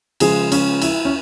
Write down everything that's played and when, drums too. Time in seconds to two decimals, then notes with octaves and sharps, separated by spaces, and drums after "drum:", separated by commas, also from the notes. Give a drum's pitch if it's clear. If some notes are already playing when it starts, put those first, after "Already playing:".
0.20 C#3 F3 G#3 G#4, drum: cymbal
0.52 C#4, drum: cymbal
0.82 E4, drum: cymbal
1.05 C#4